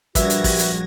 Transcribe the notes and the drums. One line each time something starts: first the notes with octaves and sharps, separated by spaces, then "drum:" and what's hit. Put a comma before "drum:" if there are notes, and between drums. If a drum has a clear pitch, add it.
A#1 G3 F#4 B4 E5 G#6 A#6, drum: kick, hi-hat
drum: hi-hat
drum: kick, open hi-hat
drum: hi-hat